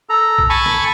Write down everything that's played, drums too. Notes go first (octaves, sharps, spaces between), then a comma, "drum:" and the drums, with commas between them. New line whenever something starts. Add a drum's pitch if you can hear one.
A4 A#5
drum: kick
G#5 A5 B5 C#6
drum: snare